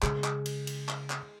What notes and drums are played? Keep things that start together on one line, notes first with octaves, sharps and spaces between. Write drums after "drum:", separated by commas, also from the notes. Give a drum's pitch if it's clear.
C#3 G#3, drum: clap
drum: clap
drum: cymbal
drum: cymbal
drum: clap
drum: clap